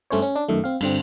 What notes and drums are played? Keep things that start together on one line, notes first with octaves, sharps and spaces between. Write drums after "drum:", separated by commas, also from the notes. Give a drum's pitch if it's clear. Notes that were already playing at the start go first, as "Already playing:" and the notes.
G2 A3 C#4 C5 C#5
C#4
D4
F#2 D#3 A3
C4 F5
G2 D3 C4, drum: cymbal